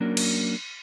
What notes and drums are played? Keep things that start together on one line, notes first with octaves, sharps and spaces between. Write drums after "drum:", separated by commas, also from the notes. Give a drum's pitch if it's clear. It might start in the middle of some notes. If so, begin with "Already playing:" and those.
F#3 A#3 C#4 D4 A#4
drum: cymbal